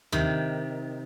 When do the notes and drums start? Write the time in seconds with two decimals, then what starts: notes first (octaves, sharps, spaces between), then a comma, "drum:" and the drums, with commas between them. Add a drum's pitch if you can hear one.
0.12 C3 D#3, drum: tom D#2